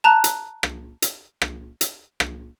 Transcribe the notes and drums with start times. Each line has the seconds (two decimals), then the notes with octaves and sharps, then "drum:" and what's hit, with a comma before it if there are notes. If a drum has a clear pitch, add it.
0.04 A5 A#5 F#6
0.24 drum: hi-hat
0.63 drum: rim click
1.02 drum: hi-hat
1.42 drum: rim click
1.81 drum: hi-hat
2.20 drum: rim click